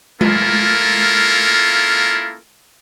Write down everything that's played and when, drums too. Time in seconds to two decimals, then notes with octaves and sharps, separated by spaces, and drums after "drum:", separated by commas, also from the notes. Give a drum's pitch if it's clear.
0.21 A#3 C#4 E4 F4 A4 A#4, drum: tom G#3